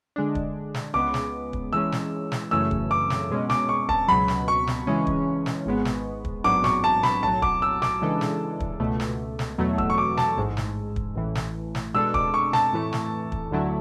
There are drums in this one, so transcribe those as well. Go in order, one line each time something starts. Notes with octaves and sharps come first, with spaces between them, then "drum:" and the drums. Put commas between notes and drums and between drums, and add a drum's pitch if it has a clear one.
D3 G#3 D4
drum: kick
drum: snare
C#2 C#3 G#3 B3 D6
drum: snare
drum: kick
E3 G#3 C#4 E6
drum: snare
drum: snare
F#2 C#3 E3 A3 C#4 E6
drum: kick
D6
drum: snare
B2 G#3 C#4
D6, drum: snare
C#6
A5, drum: kick
C#2 B2 F#3 B5
drum: snare
C#6
drum: snare
C#3 E3 G#3 C#4
drum: kick
drum: snare
G#1 G#2 G#3 B3
drum: snare
drum: kick
A1 G#2 F#3 B3 D4 D6
C#6, drum: snare
A5
B5, drum: snare
B1 A2 F#3 A5
D6, drum: kick
E6
D6, drum: snare
C#3 E3 G#3 D4 A4
drum: snare
drum: kick
C#2 B2 A3
drum: snare
drum: snare
E2 B2 F#3 A3
E6, drum: kick
C#6
D6
A5, drum: snare
A1 G#2 G#3
drum: snare
drum: kick
A1 A2 E3
drum: snare
drum: snare
B2 G#3 D4 A4 E6
D6, drum: kick
C#6
A5, drum: snare
A2 E3 A3
drum: snare
drum: kick
D2 D3 F#3 A3 E4